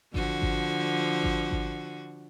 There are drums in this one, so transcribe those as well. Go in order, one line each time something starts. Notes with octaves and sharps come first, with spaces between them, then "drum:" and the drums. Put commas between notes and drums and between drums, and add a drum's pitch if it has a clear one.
D3 F3 F#4, drum: kick G#1
drum: kick G#1
drum: kick G#1
drum: kick G#1